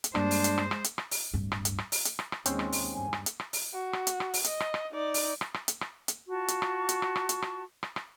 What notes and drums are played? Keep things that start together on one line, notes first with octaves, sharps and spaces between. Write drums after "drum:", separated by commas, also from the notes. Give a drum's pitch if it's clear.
drum: hi-hat
G2 G3 G#3 A#3 D4 C5, drum: rim click
drum: open hi-hat
drum: hi-hat
drum: rim click
drum: rim click
drum: hi-hat
drum: rim click
drum: open hi-hat
D1 G2
drum: rim click
drum: hi-hat
drum: rim click
drum: open hi-hat
drum: hi-hat
drum: rim click
drum: rim click
D#2 G#3 C4 C#4 C5, drum: hi-hat
drum: rim click
drum: open hi-hat
G2 G#5
drum: rim click
drum: hi-hat
drum: rim click
drum: open hi-hat
F#4
drum: rim click
drum: hi-hat
drum: rim click
drum: open hi-hat
D#5, drum: hi-hat
drum: rim click
drum: rim click
D#4 D5
drum: open hi-hat
drum: rim click
drum: rim click
drum: hi-hat
drum: rim click
drum: hi-hat
F4 F#4 A5 C#6
drum: hi-hat
drum: rim click
drum: hi-hat
drum: rim click
drum: rim click
drum: hi-hat
drum: rim click
drum: rim click
drum: rim click